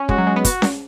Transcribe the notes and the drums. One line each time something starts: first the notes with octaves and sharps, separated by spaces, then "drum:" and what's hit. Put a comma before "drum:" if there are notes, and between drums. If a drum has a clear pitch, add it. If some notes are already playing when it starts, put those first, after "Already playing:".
Already playing: C#4
G#3 F#4, drum: kick
F#3
G#3
B3
F#4, drum: kick, hi-hat
drum: snare C#4